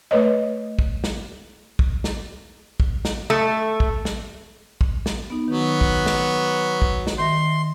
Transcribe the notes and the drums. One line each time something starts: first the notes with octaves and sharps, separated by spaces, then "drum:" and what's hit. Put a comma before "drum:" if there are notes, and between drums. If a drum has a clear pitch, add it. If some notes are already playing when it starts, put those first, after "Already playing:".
A3 B4 C#5 D#5
drum: kick
drum: snare
drum: kick
drum: snare
drum: kick
drum: snare
A3
drum: kick
drum: snare
drum: kick
drum: snare
B3 D#4
D#3 F#3 B3
drum: kick
drum: snare
drum: kick
drum: snare
D#3 E5 C6 A#6